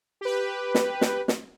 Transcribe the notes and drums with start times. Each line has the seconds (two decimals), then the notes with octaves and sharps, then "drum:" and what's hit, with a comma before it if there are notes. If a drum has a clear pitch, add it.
0.21 G4 B4
0.75 drum: snare
1.01 drum: snare
1.28 drum: snare